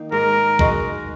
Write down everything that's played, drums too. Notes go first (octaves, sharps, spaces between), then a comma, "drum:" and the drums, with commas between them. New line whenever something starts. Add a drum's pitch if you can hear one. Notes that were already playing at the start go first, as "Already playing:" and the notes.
Already playing: D#3 A#3 D#4
G#2 A#4
G#3 F#4 D#5, drum: kick